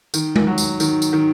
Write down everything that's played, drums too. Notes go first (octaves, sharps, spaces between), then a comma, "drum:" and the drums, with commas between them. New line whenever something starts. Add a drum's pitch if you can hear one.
D#3, drum: tambourine
drum: tom G#3
F#3
drum: tambourine
D#3, drum: tambourine
drum: tambourine
D#3